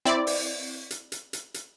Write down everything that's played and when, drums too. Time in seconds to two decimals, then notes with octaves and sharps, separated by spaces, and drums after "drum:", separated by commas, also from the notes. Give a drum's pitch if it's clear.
0.05 C4 E4 D5
0.27 drum: open hi-hat
0.91 drum: hi-hat
1.12 drum: hi-hat
1.33 drum: hi-hat
1.54 drum: hi-hat